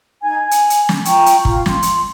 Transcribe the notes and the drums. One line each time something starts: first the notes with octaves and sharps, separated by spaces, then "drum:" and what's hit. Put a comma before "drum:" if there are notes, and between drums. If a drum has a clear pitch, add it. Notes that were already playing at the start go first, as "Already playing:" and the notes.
D#4 G#5 G#6
G#5
drum: hi-hat
drum: hi-hat
drum: snare
F4 G5 A#5 C#6, drum: hi-hat
drum: hi-hat
F4, drum: kick
C6, drum: snare
drum: hi-hat